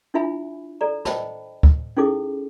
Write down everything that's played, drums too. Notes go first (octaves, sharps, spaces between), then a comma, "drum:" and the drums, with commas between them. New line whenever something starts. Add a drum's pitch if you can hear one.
D4 E4 F4 E5 G#5 B5
A4 D5 A#5
C5 D#5 G5 A5 B5, drum: snare
drum: kick
C#4 D#4 E4 G#4 A4 D6